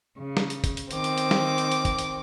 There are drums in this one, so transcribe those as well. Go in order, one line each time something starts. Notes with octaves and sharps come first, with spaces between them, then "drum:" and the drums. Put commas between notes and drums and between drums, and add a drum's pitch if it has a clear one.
C#3
drum: snare
drum: hi-hat
drum: kick, hi-hat
drum: hi-hat
D#3 C4 D6, drum: hi-hat
drum: hi-hat
drum: hi-hat
drum: snare
drum: hi-hat
drum: hi-hat
drum: kick, hi-hat
drum: hi-hat